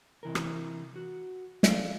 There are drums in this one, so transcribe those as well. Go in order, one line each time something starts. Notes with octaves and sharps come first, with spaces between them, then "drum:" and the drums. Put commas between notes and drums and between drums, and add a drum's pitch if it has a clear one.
C3 E3 A#4
drum: rim click
F#4
A4 D5 F5, drum: snare